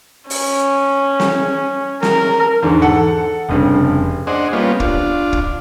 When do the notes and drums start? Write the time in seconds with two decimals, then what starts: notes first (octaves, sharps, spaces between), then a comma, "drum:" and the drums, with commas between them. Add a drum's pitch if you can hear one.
0.30 C#4, drum: open hi-hat
1.20 drum: snare
2.03 A#4, drum: snare
2.62 E2 G#2 D3
2.82 A4 F#5
3.49 F1 G2 C#3
4.27 D4 G#4 C5 D#5 F#5
4.53 G3 A#3 B3 C#4 F4
4.80 D4 F4, drum: kick
5.33 drum: kick